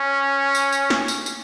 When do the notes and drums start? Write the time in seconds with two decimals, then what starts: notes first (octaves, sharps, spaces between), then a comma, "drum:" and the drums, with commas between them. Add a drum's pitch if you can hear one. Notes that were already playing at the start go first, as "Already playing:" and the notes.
Already playing: C#4
0.55 drum: tambourine
0.72 drum: tambourine
0.90 drum: snare
1.08 drum: tambourine
1.26 drum: tambourine